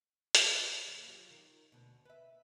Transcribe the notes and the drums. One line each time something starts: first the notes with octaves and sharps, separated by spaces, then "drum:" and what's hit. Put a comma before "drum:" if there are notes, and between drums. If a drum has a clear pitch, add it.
drum: hi-hat
G4
D#2
F#3 F4 G4
D#3
D2 B2
B4 E5